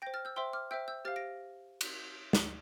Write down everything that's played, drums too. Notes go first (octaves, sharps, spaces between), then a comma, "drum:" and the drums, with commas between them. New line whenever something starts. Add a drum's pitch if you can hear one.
C5 G5 G6 A#6
F6 A6
E6 G6
C5 E5 G5 C6 E6
D6 F6
C5 E5 G5 E6 G6
E6 G6
G4 C5 F5 F6 A6
A#6 D7
drum: cymbal
drum: snare